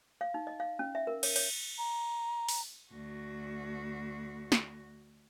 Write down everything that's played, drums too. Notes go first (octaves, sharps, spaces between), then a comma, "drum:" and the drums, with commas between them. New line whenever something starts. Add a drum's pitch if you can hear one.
F5
D#4
D#5
F5
C#4
E5
A#4
C#5, drum: cymbal
C#5, drum: cymbal
A#5
drum: open hi-hat
D2 F#4
drum: snare